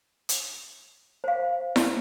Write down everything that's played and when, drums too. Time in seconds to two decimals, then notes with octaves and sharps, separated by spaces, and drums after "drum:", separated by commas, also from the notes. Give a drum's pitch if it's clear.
0.29 drum: hi-hat
1.24 C5 F5
1.76 drum: snare E4